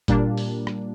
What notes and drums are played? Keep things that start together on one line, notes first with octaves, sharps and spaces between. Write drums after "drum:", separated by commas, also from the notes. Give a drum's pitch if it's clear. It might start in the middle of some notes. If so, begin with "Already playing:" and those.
A#2 G3 A#3 D4, drum: kick F#1, hi-hat
drum: open hi-hat
drum: rim click